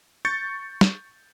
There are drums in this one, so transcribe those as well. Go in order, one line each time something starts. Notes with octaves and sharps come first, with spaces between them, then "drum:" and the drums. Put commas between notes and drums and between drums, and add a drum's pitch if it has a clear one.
C#6 G6 A6 C#7
drum: snare